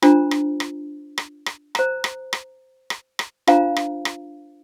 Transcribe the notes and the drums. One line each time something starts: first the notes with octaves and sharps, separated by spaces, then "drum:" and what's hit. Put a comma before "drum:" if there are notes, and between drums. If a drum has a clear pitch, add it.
D4 F4 C5 A#5, drum: rim click
drum: rim click
drum: rim click
drum: rim click
drum: rim click
C5 A#5, drum: rim click
drum: rim click
drum: rim click
drum: rim click
drum: rim click
D4 F4 C5 F5 A#5, drum: rim click
drum: rim click
drum: rim click